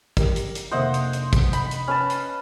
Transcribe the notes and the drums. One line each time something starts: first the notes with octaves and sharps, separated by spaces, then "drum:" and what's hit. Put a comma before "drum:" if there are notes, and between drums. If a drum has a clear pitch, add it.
G4 A#4, drum: kick, hi-hat
drum: hi-hat
drum: hi-hat
F1 A#3 C5 D#5 E5 F#5
drum: hi-hat
drum: hi-hat
drum: kick, hi-hat
B5, drum: hi-hat
drum: hi-hat
C#4 B4 A5
drum: hi-hat